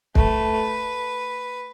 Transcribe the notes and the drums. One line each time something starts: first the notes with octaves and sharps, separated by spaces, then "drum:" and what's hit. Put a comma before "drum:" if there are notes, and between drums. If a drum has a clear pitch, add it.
A3 B4, drum: kick